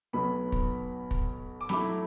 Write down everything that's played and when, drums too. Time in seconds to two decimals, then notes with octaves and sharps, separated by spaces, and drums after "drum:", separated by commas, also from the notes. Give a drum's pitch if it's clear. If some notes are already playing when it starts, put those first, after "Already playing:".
0.13 B1 B2 F#3 B3 B5
0.52 drum: kick
1.11 drum: kick
1.61 D6
1.69 F#2 F#3 A3 E4 B5, drum: snare